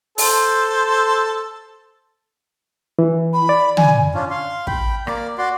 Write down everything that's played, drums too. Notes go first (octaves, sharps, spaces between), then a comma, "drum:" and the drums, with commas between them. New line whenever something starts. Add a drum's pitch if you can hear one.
A4 C5, drum: open hi-hat
E3
B5
D5
G#5, drum: tom
C#4 D4 F4
F5 C6
G5 B5, drum: kick
A#3 D5, drum: rim click
F#4 D5 C6